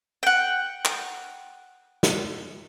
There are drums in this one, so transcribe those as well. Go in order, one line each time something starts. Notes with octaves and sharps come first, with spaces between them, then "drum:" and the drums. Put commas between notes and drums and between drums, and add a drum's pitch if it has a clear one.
F#5 G5
drum: clap
drum: snare